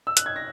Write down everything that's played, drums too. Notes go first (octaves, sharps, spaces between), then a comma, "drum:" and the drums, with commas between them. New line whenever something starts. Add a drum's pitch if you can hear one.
E6
F#6, drum: hi-hat
G#6
A#6